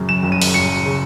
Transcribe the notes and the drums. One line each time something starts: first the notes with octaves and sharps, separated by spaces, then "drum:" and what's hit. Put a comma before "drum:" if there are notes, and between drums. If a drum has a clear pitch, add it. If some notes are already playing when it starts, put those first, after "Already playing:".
Already playing: F#2 C#3
E7
F#1
D#7
drum: open hi-hat
F#1 C#7
C#3